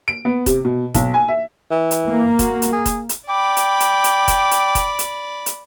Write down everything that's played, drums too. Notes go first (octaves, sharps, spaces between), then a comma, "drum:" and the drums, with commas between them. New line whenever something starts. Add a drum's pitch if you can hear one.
D7
B3
C3, drum: kick F1, hi-hat
B2
B1, drum: kick F1, hi-hat
G#5
E5
E3
drum: hi-hat
A#3
F#4, drum: kick F1, hi-hat
drum: hi-hat
G#4
drum: kick F1, hi-hat
drum: hi-hat
D5 G5 B5 D6
drum: hi-hat
drum: hi-hat
drum: hi-hat
drum: kick F1, hi-hat
drum: hi-hat
drum: kick F1, hi-hat
drum: hi-hat
drum: hi-hat